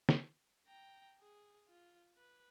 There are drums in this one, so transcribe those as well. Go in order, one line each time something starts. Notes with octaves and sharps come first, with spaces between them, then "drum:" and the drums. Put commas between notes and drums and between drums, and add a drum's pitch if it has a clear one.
drum: snare
G5 A#5
G#4
F4
B4